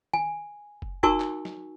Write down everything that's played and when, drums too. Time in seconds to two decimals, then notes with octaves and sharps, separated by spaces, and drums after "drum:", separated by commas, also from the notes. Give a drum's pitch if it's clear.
0.14 G#5, drum: tom
0.82 drum: kick
1.03 D#4 F#4 A#4 G#5 C#6 E6, drum: kick
1.20 drum: clap
1.45 drum: snare